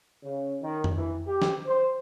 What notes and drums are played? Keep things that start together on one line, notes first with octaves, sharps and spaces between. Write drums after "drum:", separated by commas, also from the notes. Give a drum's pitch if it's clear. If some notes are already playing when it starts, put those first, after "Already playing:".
C#3
D#3
drum: tom F2
E3
G4
drum: snare
C5